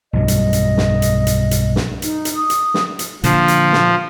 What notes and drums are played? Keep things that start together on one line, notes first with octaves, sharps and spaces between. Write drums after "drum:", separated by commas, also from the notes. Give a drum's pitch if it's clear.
B1 G2 F#3 D#5
drum: hi-hat
drum: hi-hat
drum: snare
drum: hi-hat
drum: hi-hat
drum: hi-hat
drum: snare
D#4, drum: hi-hat
drum: hi-hat
D#6
drum: hi-hat
drum: snare
drum: hi-hat
A#2 D3 F3, drum: hi-hat
drum: hi-hat
drum: snare